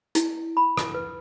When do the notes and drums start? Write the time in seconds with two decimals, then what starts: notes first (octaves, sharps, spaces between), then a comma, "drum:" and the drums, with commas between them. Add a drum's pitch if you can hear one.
0.15 E4, drum: hi-hat
0.57 B5
0.78 drum: rim click
0.94 B4